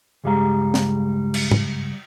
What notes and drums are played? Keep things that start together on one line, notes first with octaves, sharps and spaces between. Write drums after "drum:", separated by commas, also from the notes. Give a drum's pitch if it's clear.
C#2 G2 G3 G#3 F5 A#5
drum: snare
drum: cymbal
drum: tom